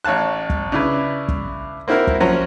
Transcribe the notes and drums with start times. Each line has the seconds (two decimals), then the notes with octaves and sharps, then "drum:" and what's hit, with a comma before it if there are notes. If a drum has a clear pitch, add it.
0.04 A1 C#5 F5 A5 F#6
0.50 drum: kick
0.72 C#3 D4 E4 B4
1.28 drum: kick
1.88 A#3 C4 E4 F#4 A#4
2.07 drum: kick
2.20 F3 F#3 C#4